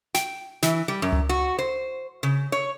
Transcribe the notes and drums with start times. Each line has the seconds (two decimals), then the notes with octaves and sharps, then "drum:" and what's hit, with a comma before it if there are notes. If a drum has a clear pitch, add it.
0.14 G5, drum: snare
0.63 E3, drum: snare
0.88 G3
1.02 F#2
1.12 drum: tom C#2
1.29 F#4
1.59 C5
2.23 C#3
2.52 C#5